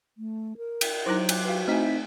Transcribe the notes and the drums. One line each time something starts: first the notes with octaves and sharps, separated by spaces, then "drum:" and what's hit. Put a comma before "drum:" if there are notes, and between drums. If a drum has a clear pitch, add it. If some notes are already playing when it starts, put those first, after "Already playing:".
A3
A#4
drum: cymbal
F#3 D#4 E4 C5 D6 F#6
drum: cymbal
F#4 B4 F5
A3 C4 D#4 E4 G#5 B6